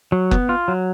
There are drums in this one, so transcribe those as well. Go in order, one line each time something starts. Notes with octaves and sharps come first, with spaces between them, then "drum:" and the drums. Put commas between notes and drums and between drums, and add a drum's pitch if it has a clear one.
F#3
B3, drum: kick F#1
F4
F#3